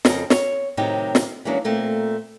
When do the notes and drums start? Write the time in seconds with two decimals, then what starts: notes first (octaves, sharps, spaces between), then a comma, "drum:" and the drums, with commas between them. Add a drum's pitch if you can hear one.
0.05 F2 C#3 A#4 D#5, drum: snare
0.30 C#5, drum: snare
0.77 A2 C3 D#3 F#3 D#4 G4
1.15 drum: snare
1.45 E3 F#3 G#3 A#3 C#4 D4
1.64 A#2 A3 A#3 C4